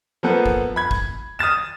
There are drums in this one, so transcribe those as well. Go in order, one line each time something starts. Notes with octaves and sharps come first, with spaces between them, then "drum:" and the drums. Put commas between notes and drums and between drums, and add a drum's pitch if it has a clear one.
F3 A#3 B3 A4 B4
drum: kick G#1
B5 G#6
drum: kick G#1
D#6 F6 A6 E7